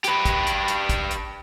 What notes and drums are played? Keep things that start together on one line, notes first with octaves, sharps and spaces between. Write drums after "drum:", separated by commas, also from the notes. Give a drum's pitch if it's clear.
G4 B4, drum: hi-hat
drum: kick, hi-hat
drum: hi-hat
drum: hi-hat
drum: kick, hi-hat
drum: hi-hat